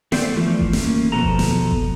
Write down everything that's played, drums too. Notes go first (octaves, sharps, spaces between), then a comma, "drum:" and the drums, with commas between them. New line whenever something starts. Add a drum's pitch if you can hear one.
A3 B3 C4 C5 D5, drum: snare
E3 F3 A3
drum: kick F#1
A#3 C#4, drum: snare
B2 F3 B3 A4 A#5
drum: kick F#1
drum: snare
drum: kick F#1